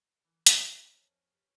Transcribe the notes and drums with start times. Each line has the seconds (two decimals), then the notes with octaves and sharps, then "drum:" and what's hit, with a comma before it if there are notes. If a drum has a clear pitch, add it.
0.25 E3 A#3
0.47 F4, drum: hi-hat
0.79 C#4 A#4
0.93 F2
1.34 G4 B4